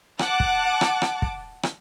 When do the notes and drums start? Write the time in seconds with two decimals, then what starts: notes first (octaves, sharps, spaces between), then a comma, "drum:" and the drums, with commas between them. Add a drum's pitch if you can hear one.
0.19 F#5 A5 D6, drum: rim click
0.40 drum: kick
0.81 drum: rim click
1.02 drum: rim click
1.22 drum: kick
1.63 drum: rim click